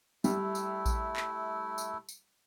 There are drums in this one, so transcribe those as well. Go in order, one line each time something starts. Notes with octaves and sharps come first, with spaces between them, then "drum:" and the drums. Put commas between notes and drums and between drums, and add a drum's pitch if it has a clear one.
G3 A3 E4, drum: tambourine
drum: tambourine
drum: kick A1, tambourine
drum: clap
drum: tambourine
drum: tambourine